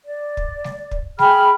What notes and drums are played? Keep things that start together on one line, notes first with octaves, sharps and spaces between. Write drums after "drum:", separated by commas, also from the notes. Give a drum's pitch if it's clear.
D5
drum: kick
drum: snare G3
drum: kick
G#4 G5 B5 F6, drum: snare G3